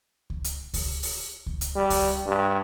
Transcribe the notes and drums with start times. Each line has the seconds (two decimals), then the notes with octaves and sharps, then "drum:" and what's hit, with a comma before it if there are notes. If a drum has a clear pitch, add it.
0.30 drum: kick C#2
0.44 drum: hi-hat
0.74 drum: kick C#2, open hi-hat
1.03 drum: open hi-hat
1.46 drum: kick C#2
1.61 drum: hi-hat
1.76 G3
1.90 drum: kick C#2, open hi-hat
2.26 G2